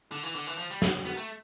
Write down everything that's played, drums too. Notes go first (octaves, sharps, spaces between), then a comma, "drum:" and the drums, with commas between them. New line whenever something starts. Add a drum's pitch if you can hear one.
D3
E3
D3
E3
F3
G3
B3, drum: snare
B3
A3